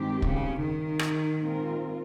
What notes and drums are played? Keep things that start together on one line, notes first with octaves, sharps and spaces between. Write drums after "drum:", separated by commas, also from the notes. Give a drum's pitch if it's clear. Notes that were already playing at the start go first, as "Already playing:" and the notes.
Already playing: G2 D#3 G#3 C4 G4
C#3, drum: kick
D#3
drum: rim click
A#2 G#3 C4 F4 A#4